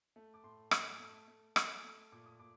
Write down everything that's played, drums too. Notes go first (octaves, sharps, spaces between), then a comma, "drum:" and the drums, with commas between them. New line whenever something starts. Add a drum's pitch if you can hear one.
A3
D6
A2 C6
A3, drum: rim click
A3
A3
A3, drum: rim click
A3
A#2 D6
D#6
A#2 D6